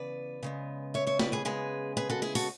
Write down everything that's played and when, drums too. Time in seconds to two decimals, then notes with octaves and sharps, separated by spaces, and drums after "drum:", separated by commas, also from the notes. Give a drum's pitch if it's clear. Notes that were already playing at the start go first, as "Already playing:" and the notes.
Already playing: C#3 E3 B3 B4 D5
0.43 C#3 G#3 B3
0.94 C#5 E5
1.07 C#5 E5
1.19 B4 D5, drum: snare
1.32 G#4 B4
1.45 C#3 G#3 B3 G#4 B4
1.97 G#4 B4
2.10 F#4 A4
2.22 E4 G#4
2.35 F#4 A4, drum: open hi-hat